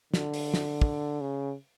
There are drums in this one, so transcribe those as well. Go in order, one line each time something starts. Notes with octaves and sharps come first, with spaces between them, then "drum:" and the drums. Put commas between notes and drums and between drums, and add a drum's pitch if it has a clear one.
D3, drum: snare
drum: open hi-hat
drum: snare
drum: kick
C#3